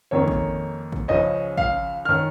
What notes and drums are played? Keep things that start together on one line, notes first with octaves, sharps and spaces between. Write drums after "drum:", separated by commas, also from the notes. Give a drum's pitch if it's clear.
F2 D#3 A#3 C#4 C#5
drum: kick
drum: kick
C#2 C#3 F3 C#4 D#5
F5, drum: kick
D#3 C#4 F6